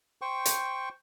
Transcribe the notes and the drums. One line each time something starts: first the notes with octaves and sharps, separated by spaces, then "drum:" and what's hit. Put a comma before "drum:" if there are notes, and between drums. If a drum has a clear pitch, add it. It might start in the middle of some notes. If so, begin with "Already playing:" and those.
C5 G5 C#6
drum: hi-hat